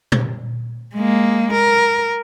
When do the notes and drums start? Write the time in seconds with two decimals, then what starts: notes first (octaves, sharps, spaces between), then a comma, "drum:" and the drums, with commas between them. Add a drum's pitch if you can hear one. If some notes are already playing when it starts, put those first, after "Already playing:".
0.12 drum: tom A#2
0.95 G#3 A#3
1.53 A#4